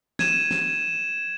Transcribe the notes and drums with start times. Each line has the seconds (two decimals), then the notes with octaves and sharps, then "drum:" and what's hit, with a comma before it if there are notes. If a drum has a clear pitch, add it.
0.19 G#6 D#7 E7, drum: snare
0.51 drum: snare